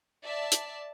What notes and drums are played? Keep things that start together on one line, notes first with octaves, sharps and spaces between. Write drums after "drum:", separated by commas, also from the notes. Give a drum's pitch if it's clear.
D5 E5 A5
drum: hi-hat